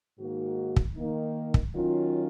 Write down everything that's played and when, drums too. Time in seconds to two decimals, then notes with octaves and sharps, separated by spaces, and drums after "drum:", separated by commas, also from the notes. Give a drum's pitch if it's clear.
0.18 G#2 D#3 A#3 D#4 F#4
0.76 drum: kick
0.95 D#3 A#3 D#4
1.54 drum: kick
1.74 D#3 F#3 C#4 F4